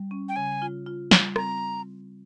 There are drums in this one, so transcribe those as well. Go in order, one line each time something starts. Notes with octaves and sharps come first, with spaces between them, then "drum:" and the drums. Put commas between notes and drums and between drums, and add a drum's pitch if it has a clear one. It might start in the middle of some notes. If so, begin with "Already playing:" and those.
Already playing: G3
C#4
G5
C#3 G#5
F4
F4
G3, drum: snare
C4 A#5, drum: rim click